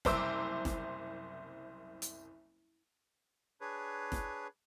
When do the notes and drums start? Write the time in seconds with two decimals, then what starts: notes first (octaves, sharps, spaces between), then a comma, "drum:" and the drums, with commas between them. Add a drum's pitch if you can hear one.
0.05 F#1 C2 C5 D6 E6, drum: snare
0.65 drum: snare
2.02 drum: hi-hat
3.61 D4 G#4 B4 C#5
4.12 drum: snare